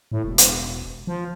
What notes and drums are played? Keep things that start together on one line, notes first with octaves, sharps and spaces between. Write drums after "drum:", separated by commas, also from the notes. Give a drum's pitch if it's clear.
A2
E1
drum: hi-hat
F3